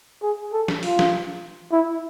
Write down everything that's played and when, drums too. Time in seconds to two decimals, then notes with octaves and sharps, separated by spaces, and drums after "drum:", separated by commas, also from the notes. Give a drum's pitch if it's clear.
0.23 G#4
0.53 A4
0.68 drum: snare
0.83 F4, drum: open hi-hat
0.99 drum: snare
1.72 E4